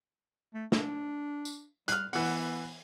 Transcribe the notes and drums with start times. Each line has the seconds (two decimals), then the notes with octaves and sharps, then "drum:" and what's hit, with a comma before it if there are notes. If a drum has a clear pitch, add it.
0.54 A3
0.72 D4, drum: snare
1.45 drum: tambourine
1.88 G3 F6 F#6, drum: hi-hat
2.13 E3 B3 F#5, drum: open hi-hat